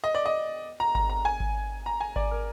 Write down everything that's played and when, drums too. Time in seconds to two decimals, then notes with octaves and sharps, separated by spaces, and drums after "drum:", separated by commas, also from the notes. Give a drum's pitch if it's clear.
0.04 D#5
0.15 D5
0.26 D#5
0.80 A#5
0.95 A#5, drum: kick G#1
1.09 A#5
1.25 G#5
1.40 drum: kick G#1
1.86 A#5
2.01 G#5
2.16 D5, drum: kick G#1
2.31 A#4